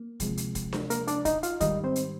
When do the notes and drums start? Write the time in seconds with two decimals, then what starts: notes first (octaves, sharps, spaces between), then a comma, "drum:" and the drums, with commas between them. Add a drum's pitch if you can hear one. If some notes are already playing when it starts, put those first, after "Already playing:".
Already playing: A#3
0.20 D2 C3 F3 G#3, drum: kick, hi-hat
0.37 drum: hi-hat
0.55 drum: kick, hi-hat
0.73 drum: snare D4
0.90 A#3 A#4, drum: hi-hat
1.07 D4 D5, drum: hi-hat
1.25 D#4 D#5, drum: kick, hi-hat
1.43 F4 F5, drum: hi-hat
1.60 G#2 D#3 G3 D#4 D#5, drum: kick, hi-hat
1.84 C4 C5
1.96 drum: hi-hat